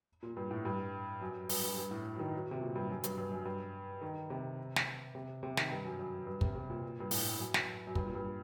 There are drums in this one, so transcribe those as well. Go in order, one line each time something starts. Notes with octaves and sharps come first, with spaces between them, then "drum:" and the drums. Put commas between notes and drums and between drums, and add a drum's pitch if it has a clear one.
A#2
G2
A2
G2
F#2
G2, drum: open hi-hat
G2
G2
A2
F#3
D#3
F#3
C3
A#2
G2
F#2
G2, drum: hi-hat
G2
F#2
G2
D#3
C3
drum: snare
C3
C3
D#3, drum: snare
G2
F#2
F#2
G2
C3, drum: kick
C3
A#2
G2
A2, drum: open hi-hat
F#2
drum: snare
F#2
G2, drum: kick
A#2
G2